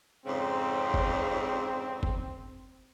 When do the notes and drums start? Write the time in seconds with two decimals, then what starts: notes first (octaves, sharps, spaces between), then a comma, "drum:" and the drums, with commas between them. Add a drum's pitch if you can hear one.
0.26 F2 G#2 C#3 C4
0.94 drum: kick
2.03 drum: kick